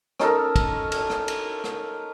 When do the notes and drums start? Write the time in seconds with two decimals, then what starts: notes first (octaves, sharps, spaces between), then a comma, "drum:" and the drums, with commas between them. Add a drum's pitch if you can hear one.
0.20 C#4 D#4 A4 A#4, drum: rim click
0.56 drum: kick, cymbal
0.92 drum: cymbal
1.10 drum: rim click
1.28 drum: cymbal
1.64 drum: rim click